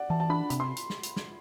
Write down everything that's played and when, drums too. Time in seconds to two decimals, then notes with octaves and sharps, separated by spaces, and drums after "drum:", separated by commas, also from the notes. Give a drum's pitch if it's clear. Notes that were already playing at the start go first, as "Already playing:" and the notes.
Already playing: D5 F#5
0.10 E3 A5
0.20 A5
0.30 D4 B5
0.50 C3 B5, drum: hi-hat
0.60 C6
0.77 drum: hi-hat
0.90 drum: snare
1.03 drum: hi-hat
1.16 drum: snare